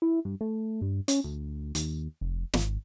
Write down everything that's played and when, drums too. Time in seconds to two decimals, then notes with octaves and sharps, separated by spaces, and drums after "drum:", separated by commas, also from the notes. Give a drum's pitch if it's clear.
0.02 E4
0.25 G2
0.41 A3
0.81 G2
1.08 C#4, drum: hi-hat
1.24 D2
1.75 D#2, drum: hi-hat
2.21 F1
2.53 G#1, drum: snare